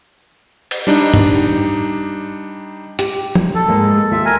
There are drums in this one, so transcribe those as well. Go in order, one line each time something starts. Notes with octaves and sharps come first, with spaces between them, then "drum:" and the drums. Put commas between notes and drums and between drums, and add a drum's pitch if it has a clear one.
drum: cymbal
G3 D4 D#4
drum: tom
G4, drum: hi-hat
drum: tom
A4
G#2 G#3 A#3
D#2 F4 E5
A#4 G#5